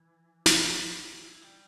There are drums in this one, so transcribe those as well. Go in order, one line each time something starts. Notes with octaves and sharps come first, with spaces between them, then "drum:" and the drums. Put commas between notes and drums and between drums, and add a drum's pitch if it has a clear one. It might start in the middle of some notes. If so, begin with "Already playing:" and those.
Already playing: E3
drum: snare
D#3
E3
G3